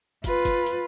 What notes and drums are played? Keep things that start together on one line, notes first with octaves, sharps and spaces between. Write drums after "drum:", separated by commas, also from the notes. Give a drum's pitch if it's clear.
F4 B4, drum: kick, hi-hat
drum: kick, hi-hat
drum: hi-hat